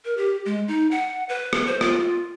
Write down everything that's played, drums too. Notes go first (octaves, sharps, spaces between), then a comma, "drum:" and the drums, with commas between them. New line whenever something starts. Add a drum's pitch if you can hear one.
A#4
G4
G#3
D#4
F#5
B4
drum: rim click
C5
F4, drum: rim click